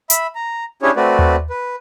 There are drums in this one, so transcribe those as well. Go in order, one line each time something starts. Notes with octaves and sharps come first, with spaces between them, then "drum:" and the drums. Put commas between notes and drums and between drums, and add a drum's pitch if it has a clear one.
E5 B5, drum: hi-hat
A#5
C#4 D4 E4 G4 G#4 C#5
A3 C4 F#4 B4 D5
drum: tom D#2
B4